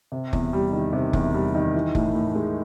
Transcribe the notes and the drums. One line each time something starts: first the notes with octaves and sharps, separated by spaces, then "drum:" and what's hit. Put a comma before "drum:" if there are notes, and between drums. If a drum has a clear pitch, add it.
C3
E2, drum: kick F1
G3
D#3
C3
E2, drum: kick F1
G3
D#3
E3
A2, drum: kick F1
A2
G#3